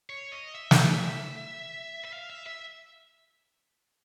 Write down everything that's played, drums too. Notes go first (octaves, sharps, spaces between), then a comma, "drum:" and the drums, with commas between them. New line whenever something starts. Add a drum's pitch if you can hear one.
C#5
D#5
E5
drum: snare
E5
F5
E5
E5